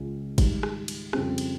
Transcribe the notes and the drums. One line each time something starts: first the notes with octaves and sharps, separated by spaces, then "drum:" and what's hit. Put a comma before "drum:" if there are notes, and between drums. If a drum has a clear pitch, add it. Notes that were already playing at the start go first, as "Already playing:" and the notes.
Already playing: C#2 C#3 G#3 C#4 F4
G#2 D#3 G3, drum: kick G1, cymbal
drum: rim click
drum: cymbal
F2 C#3 G3 C4 F4, drum: rim click
drum: cymbal